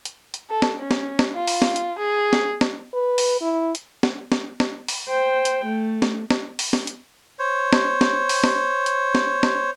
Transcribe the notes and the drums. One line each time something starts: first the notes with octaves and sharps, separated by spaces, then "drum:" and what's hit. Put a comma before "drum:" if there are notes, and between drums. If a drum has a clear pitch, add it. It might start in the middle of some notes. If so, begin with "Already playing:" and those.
drum: hi-hat
drum: hi-hat
A4
drum: snare
C#4
drum: snare
drum: snare
F4
drum: open hi-hat
drum: snare
drum: hi-hat
G#4
drum: snare
drum: snare
B4
drum: open hi-hat
E4
drum: hi-hat
drum: snare
drum: snare
drum: snare
drum: open hi-hat
C5 G5
drum: hi-hat
A3
drum: snare
drum: snare
drum: open hi-hat
drum: snare
drum: hi-hat
C5 C#5
drum: snare
drum: snare
drum: open hi-hat
drum: snare
drum: hi-hat
drum: snare
drum: snare